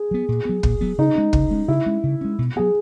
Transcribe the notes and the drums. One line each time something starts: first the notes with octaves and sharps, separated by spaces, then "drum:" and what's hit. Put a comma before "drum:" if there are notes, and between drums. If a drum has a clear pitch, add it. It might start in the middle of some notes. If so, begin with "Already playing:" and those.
Already playing: G#4
F#3 B3
A#2
F#3 B3
A#2, drum: kick
F#3 B3
C#3 D#4
G#3 C#4
C#3, drum: kick
G#3 C#4
C#3 E4
G#3 C#4
C#3
G#3 C#4
B2
F#3 B3 G#4